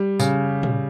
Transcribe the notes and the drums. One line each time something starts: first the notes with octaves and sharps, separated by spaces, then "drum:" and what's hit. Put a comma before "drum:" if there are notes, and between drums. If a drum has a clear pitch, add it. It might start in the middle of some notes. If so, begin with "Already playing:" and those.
Already playing: G3
C#3, drum: tambourine
drum: tom